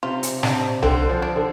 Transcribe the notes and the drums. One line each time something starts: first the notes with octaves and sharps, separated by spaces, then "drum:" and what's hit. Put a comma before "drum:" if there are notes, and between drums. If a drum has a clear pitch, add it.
C3 F4
drum: hi-hat
C3 D4, drum: snare
D3 C4, drum: tom C2
F3
D4
D3